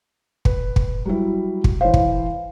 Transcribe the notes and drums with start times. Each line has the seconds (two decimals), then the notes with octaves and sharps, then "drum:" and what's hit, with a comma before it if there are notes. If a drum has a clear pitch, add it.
0.45 B4, drum: kick
0.76 drum: kick
1.05 F#3 G3 E4
1.64 drum: kick
1.81 E3 C5 C#5 F5
1.94 drum: kick